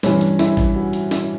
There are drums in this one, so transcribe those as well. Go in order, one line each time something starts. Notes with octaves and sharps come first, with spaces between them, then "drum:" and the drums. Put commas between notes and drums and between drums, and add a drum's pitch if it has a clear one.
G2 E3 C#4, drum: snare
drum: hi-hat
E4, drum: snare
drum: kick A1, hi-hat
F#4
drum: hi-hat
E4, drum: snare